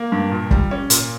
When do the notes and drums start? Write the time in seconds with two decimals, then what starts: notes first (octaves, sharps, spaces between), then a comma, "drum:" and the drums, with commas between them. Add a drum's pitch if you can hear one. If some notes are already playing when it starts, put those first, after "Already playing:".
Already playing: A#3 A#4
0.12 G2
0.32 A#2
0.51 G3, drum: kick
0.71 C#4
0.90 A#2, drum: hi-hat